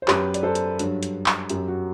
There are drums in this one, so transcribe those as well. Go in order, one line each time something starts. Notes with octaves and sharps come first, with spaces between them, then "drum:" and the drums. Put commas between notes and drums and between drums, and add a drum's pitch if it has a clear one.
C5
F#2 F#3 G4 B4, drum: clap
D5, drum: hi-hat
A4 C5
drum: hi-hat
G2 F#3, drum: hi-hat
drum: hi-hat
drum: clap
F#2 F#3 G4, drum: hi-hat
F#4